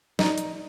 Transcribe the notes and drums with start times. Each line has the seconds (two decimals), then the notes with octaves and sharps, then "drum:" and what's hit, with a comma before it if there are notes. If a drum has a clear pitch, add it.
0.19 D#4, drum: snare
0.38 drum: hi-hat